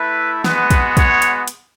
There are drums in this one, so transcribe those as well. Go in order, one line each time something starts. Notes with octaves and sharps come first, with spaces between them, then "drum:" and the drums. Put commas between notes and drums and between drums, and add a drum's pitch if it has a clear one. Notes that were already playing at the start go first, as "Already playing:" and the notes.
Already playing: A3 E4 B4
G#3 B3 F#4 B4, drum: snare
drum: kick, hi-hat
C#5, drum: kick, hi-hat
drum: hi-hat
drum: hi-hat